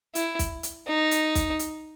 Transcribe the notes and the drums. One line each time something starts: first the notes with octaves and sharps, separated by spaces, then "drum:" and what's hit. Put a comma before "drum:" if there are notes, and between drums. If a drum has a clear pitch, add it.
E4, drum: hi-hat
drum: kick, hi-hat
drum: hi-hat
D#4
drum: hi-hat
drum: kick, hi-hat
drum: hi-hat